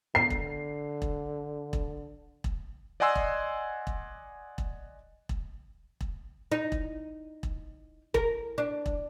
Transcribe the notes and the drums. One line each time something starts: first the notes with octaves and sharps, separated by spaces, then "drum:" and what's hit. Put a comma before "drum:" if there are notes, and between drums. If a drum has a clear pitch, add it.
D3 C7
drum: kick E1
drum: kick E1
drum: kick E1
drum: kick E1
D5 D#5 F#5 G#5 C6 E6
drum: kick E1
drum: kick E1
drum: kick E1
drum: kick E1
drum: kick E1
D#4
drum: kick E1
drum: kick E1
A#4, drum: kick E1
D4
drum: kick E1